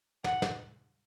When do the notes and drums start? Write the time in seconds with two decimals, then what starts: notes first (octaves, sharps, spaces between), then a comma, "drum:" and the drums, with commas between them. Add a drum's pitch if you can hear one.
0.24 F#5, drum: snare
0.42 drum: snare